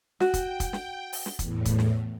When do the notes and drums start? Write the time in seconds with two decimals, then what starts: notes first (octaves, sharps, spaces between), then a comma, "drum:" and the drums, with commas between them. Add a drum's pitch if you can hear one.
0.20 F#4 G5, drum: snare
0.34 drum: kick, hi-hat
0.60 drum: kick, hi-hat
0.73 drum: snare
1.13 drum: open hi-hat
1.26 drum: snare
1.39 E2 A2, drum: kick, hi-hat
1.65 drum: kick, hi-hat
1.79 drum: snare